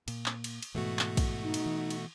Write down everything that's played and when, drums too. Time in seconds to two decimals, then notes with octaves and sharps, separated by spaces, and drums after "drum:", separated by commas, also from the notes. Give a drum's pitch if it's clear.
0.08 A#2, drum: cymbal
0.26 drum: clap
0.44 drum: cymbal
0.63 drum: cymbal
0.75 G#2 B2 E3 A3 F#4
0.99 drum: clap
1.17 drum: kick, cymbal
1.43 D#4
1.54 drum: cymbal
1.66 E3
1.90 drum: cymbal